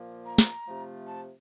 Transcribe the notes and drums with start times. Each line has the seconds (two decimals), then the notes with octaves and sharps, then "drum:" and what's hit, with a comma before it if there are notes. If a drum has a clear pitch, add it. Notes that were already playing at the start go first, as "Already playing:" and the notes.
Already playing: A#2 F3 A#3
0.26 A#5
0.38 drum: snare
0.67 C3 F3 A3
1.07 A5